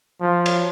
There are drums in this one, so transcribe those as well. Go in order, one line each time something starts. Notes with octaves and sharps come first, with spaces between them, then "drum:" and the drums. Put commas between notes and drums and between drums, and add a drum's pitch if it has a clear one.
F3
drum: cymbal